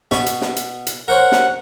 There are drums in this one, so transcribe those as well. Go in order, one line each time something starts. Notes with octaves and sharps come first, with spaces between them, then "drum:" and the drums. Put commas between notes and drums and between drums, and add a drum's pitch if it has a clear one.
B2 B5 C#6, drum: snare
drum: hi-hat
drum: snare
drum: hi-hat
drum: hi-hat
A#4 C5 C#5 F#5
drum: snare